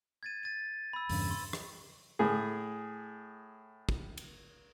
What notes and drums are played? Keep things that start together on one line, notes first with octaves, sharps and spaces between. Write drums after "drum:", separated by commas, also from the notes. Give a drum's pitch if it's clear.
G#6 A6 D#7
A6 D#7
B5 E6
E2 G2 C#3, drum: open hi-hat
C6
drum: rim click
A2 G#4
drum: kick
drum: cymbal